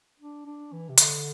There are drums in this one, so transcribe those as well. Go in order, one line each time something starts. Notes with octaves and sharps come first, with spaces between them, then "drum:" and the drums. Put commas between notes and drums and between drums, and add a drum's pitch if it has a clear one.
D4
D4
E3
C3
D3, drum: hi-hat